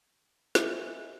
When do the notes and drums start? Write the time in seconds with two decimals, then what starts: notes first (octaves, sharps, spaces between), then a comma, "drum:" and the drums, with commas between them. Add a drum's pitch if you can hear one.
0.55 D#4 E5 G#5, drum: snare